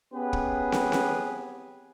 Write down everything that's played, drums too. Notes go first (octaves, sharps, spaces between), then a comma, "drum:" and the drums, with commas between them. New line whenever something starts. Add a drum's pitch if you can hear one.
B3 C#4 G4 G#4 B4
drum: kick
drum: snare
drum: snare